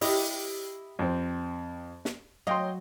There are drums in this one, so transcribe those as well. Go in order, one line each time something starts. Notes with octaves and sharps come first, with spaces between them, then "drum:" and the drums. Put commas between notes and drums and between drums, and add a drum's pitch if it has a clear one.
E4 G4 D#5, drum: open hi-hat
F2 C4
drum: snare
F#3 D#5 F5 G5 C6